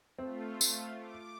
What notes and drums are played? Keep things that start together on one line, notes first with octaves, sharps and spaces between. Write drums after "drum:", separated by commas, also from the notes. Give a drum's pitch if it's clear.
A3 C4 F4
drum: tambourine
D6